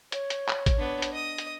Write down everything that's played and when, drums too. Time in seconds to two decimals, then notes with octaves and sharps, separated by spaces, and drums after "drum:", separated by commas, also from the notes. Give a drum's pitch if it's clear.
0.12 C#5, drum: hi-hat
0.30 drum: hi-hat
0.48 drum: clap
0.66 drum: kick A1, hi-hat
0.77 B3 D4
1.02 drum: hi-hat
1.12 D#5 D#6
1.38 drum: hi-hat